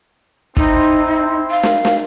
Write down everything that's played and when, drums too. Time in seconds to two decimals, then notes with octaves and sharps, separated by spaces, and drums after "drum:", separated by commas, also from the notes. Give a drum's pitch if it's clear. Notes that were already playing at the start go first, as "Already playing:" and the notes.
0.57 C4 D#4 E4 C5, drum: kick
1.51 F5
1.63 drum: snare
1.85 drum: snare